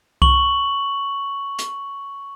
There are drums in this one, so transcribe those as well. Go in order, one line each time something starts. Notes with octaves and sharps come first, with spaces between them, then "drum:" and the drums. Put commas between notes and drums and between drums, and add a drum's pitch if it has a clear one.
C#6 F#7, drum: kick C2
drum: hi-hat